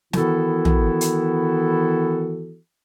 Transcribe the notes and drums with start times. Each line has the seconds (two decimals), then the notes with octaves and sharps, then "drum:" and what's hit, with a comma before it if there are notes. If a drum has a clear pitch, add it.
0.13 D#3 E3 B3 E4 F#4 A4, drum: snare
0.65 drum: tom
1.01 drum: hi-hat